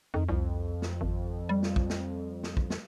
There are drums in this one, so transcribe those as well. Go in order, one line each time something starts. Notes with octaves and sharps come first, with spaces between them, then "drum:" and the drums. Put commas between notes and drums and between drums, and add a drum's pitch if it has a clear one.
F2 D#3
C2 F2
drum: snare
G#1
G3
drum: snare
drum: kick
drum: snare
drum: snare
drum: kick
drum: snare